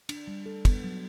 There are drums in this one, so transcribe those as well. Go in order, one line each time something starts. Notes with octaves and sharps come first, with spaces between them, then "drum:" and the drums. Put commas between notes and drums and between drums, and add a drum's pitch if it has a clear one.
D4, drum: cymbal
G3
A4
B3, drum: kick, cymbal
F#3